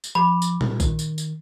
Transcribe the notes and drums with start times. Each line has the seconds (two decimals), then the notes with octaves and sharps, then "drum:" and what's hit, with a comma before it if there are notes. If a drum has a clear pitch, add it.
0.04 drum: tambourine
0.15 F3 B5 D6
0.42 drum: tambourine
0.61 drum: tom A#2
0.80 D#3, drum: kick A#1, tambourine
0.99 drum: tambourine
1.18 drum: tambourine